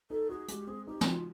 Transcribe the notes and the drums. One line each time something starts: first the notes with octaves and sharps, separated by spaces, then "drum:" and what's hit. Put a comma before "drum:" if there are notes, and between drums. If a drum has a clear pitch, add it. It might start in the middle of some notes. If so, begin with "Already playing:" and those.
D#4 A4
F#4 G#4
G#3 G4, drum: hi-hat
C4 G#4
D#4 G4
E4, drum: snare
F4 F#4